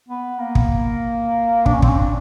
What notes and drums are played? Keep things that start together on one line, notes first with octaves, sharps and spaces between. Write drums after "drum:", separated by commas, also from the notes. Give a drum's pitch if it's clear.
B3
A#3
drum: kick
D4, drum: kick
C#4
C4, drum: kick
C#4
D4